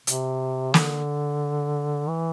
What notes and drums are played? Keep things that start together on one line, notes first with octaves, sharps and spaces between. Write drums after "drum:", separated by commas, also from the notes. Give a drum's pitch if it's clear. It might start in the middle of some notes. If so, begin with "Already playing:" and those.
C3, drum: hi-hat
D3, drum: snare
E3